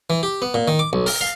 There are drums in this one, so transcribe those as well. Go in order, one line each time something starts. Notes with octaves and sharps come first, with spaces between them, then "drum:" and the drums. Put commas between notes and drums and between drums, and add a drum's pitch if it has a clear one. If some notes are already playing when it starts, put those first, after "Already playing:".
E3
G4
B3
A#2
D#3
D6
B1
A#4, drum: open hi-hat
F5